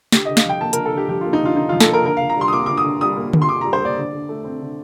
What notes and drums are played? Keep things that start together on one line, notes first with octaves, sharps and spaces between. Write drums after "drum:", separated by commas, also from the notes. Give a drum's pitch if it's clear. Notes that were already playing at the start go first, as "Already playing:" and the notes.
D3 G4, drum: snare
D3 D#5
F5, drum: snare
F3 G5
A#3 A5
D3 A#4, drum: hi-hat
A4
D3 G4
F3 G4
A#3 F4
D#4
D3 F4
D3 D#4
F3 F4
A4, drum: snare
A#3
A#4
D3 A#4
D3 F5
A#5
G3 C6
D#6
A#3 D6
D3 D6
D#6
D3
G3 D#6
A#3
D3, drum: tom D3
C6
D3 D6
G3 A#5
C5
A#3 D5
D3
D3
A3
C4
D3